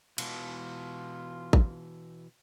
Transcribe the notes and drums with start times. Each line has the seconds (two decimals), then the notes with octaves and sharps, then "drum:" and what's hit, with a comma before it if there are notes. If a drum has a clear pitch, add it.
0.18 B2 E3 F4, drum: cymbal
1.53 drum: kick A1